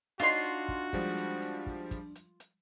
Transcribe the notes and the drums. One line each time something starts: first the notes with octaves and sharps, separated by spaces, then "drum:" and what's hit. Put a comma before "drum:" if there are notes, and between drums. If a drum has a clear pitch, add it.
D4 D#4 F4 F#4 C#5 C6
drum: hi-hat
drum: kick
F3 G3 G#3, drum: kick, hi-hat
drum: hi-hat
drum: hi-hat
drum: kick
drum: kick, hi-hat
drum: hi-hat
drum: hi-hat